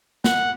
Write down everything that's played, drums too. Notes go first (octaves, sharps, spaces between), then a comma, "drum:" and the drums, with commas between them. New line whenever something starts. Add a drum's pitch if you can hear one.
F#5, drum: snare